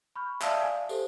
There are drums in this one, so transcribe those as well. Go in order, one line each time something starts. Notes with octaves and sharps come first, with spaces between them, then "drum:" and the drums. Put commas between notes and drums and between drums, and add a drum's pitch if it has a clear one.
B5 C#6 F6 G6
D5 E5 F5 A5 D#6 E6, drum: clap
D5 F5 G#5
G4 A4 C5, drum: tambourine